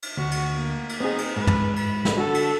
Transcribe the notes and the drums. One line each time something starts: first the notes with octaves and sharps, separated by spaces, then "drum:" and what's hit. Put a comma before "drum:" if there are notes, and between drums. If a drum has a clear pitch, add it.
drum: cymbal
D2 F#4
drum: cymbal
A#3
drum: cymbal
B3 C4 D#4 G#4
drum: cymbal
G#2 B4
drum: tom
B5, drum: cymbal
drum: snare
D3 F#4 A4
drum: cymbal